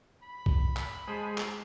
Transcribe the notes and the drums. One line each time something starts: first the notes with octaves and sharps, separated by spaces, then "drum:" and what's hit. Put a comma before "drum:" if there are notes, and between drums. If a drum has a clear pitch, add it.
B5
drum: kick
drum: clap
G#3 G#4 C5 A5
drum: clap